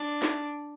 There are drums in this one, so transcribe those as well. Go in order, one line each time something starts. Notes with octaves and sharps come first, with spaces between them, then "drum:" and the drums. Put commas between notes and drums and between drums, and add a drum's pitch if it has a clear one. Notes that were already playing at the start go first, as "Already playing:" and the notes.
Already playing: D4
drum: snare